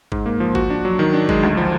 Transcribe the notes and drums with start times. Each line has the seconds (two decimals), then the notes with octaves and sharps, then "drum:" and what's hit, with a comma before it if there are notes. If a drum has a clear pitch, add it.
0.12 G#2, drum: kick
0.26 A#3
0.40 F3
0.55 F#4, drum: kick
0.70 D4
0.85 F#3
0.99 D#3
1.14 D4
1.29 G#3, drum: kick
1.43 D2
1.57 F3